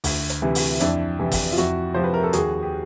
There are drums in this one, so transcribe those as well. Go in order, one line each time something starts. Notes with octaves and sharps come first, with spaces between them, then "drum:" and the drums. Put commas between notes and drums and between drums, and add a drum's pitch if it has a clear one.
D2, drum: open hi-hat
drum: hi-hat
C3 E3
drum: open hi-hat
F2 D4 E4, drum: hi-hat
C3 E3
drum: kick, open hi-hat
F4
F2 E4 F#4, drum: hi-hat
C3 F3 C5
B4
A#4
A4
D#2 F#4 G#4, drum: hi-hat
G4